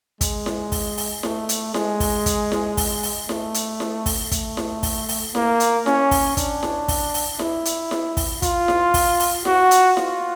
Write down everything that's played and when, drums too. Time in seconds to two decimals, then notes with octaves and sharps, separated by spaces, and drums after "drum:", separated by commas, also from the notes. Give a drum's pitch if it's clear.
0.21 G#3, drum: kick, hi-hat
0.46 drum: snare E4
0.72 drum: kick, open hi-hat
0.97 drum: open hi-hat
1.23 A3, drum: snare E4
1.49 drum: hi-hat
1.74 G#3, drum: snare E4
2.00 drum: kick, open hi-hat
2.26 drum: kick, hi-hat
2.52 drum: snare E4
2.77 drum: kick, open hi-hat
3.03 drum: open hi-hat
3.29 A3, drum: snare E4
3.54 drum: hi-hat
3.80 drum: snare E4
4.06 drum: kick, open hi-hat
4.32 A3, drum: kick, hi-hat
4.57 drum: snare E4
4.83 drum: kick, open hi-hat
5.09 drum: open hi-hat
5.35 A#3, drum: snare E4
5.60 drum: hi-hat
5.86 C#4, drum: snare E4
6.11 drum: kick, open hi-hat
6.37 D4, drum: kick, hi-hat
6.63 drum: snare E4
6.88 drum: kick, open hi-hat
7.14 drum: open hi-hat
7.39 E4, drum: snare E4
7.65 drum: hi-hat
7.91 drum: snare E4
8.17 drum: kick, open hi-hat
8.42 F4, drum: kick, hi-hat
8.68 drum: snare E4
8.94 drum: kick, open hi-hat
9.20 drum: open hi-hat
9.45 F#4, drum: snare E4
9.71 drum: hi-hat
9.97 F4, drum: snare E4